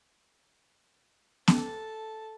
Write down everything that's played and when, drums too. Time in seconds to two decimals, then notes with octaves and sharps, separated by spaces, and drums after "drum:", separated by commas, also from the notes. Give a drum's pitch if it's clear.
1.48 A4 A5, drum: snare